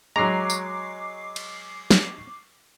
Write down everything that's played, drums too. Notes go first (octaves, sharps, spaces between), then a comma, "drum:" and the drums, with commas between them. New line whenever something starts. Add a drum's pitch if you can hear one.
F#3 G#3 A#5 C#6 D6 C7
drum: tambourine
drum: cymbal
drum: snare